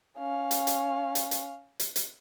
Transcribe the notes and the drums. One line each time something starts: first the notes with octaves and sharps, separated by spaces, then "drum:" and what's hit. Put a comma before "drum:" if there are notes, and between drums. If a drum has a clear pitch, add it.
C#4 F5
drum: hi-hat
drum: hi-hat
drum: hi-hat
drum: hi-hat
drum: hi-hat
drum: hi-hat